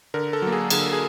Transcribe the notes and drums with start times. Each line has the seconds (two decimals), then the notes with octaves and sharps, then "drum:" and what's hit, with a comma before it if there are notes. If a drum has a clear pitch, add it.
0.14 D3 A#4
0.33 A4
0.42 F#3 A#3
0.52 G#4
0.70 D3 G#4, drum: cymbal
0.92 G#4